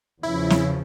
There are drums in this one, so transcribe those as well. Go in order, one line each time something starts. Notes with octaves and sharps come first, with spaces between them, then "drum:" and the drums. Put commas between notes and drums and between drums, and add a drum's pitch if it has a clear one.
E2 C#3 F3 E4
drum: snare